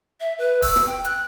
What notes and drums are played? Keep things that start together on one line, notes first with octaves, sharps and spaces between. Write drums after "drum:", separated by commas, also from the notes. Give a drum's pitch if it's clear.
E5
B4
E6, drum: kick, open hi-hat
drum: rim click
G5
F#6, drum: hi-hat